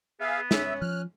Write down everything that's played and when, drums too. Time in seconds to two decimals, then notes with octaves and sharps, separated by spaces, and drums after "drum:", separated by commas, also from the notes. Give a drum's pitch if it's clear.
0.21 B3 G#4 E5 F5
0.51 C#4 E5, drum: snare
0.82 F3 F6 F#6